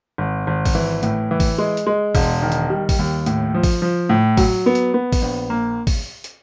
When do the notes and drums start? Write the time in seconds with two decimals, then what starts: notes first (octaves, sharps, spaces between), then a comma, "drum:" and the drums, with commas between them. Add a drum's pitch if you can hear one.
0.18 G#1
0.47 G#1
0.65 drum: kick, open hi-hat
0.75 E3
1.03 A2, drum: hi-hat
1.31 E3
1.40 drum: kick, open hi-hat
1.58 G#3
1.77 drum: hi-hat
1.87 G#3
2.15 E1, drum: kick, open hi-hat
2.42 D#3
2.52 drum: hi-hat
2.70 G3
2.89 drum: kick, open hi-hat
2.99 D#2
3.26 A2, drum: hi-hat
3.54 F3
3.63 drum: kick, open hi-hat
3.82 F3
4.09 A2
4.37 F#3, drum: kick, open hi-hat
4.66 B3
4.75 drum: hi-hat
4.94 B3
5.12 drum: kick, open hi-hat
5.22 A#1
5.50 A#3
5.87 drum: kick, open hi-hat
6.24 drum: hi-hat